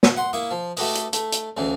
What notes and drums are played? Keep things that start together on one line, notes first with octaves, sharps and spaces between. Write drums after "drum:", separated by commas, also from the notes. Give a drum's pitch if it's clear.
drum: snare
F#5 C6
A#3 E4 C#6 D#6
F3
A3 F#4 G4 A4 B4 D#5, drum: open hi-hat
drum: hi-hat
A3, drum: hi-hat
drum: hi-hat
D2 C#3 E3